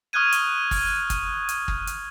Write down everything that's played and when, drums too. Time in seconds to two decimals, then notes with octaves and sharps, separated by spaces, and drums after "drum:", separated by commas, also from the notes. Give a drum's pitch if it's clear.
0.13 C#6 D#6 F6 F#6 G#6 D#7
0.32 drum: hi-hat
0.71 drum: kick, open hi-hat
1.10 drum: kick, hi-hat
1.49 drum: hi-hat
1.68 drum: kick
1.87 drum: hi-hat